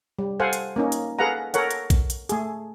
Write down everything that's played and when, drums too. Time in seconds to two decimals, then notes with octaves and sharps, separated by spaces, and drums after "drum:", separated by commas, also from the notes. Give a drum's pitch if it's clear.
0.19 G3
0.40 A4 C5 F5 F#5 G#5
0.53 drum: hi-hat
0.76 A#3 C#4 D#4
0.92 drum: hi-hat
1.19 G#4 A4 B4 F5 F#5 A#5
1.54 A4 A#4 C#5 F#5, drum: hi-hat
1.71 drum: hi-hat
1.90 drum: kick A#1, hi-hat
2.10 drum: hi-hat
2.29 A3 G#4, drum: hi-hat